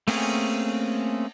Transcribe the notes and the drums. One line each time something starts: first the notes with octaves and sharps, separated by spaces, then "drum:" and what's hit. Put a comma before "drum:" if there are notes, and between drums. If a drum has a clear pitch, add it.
A3 A#3 C4 C#4 G#4, drum: open hi-hat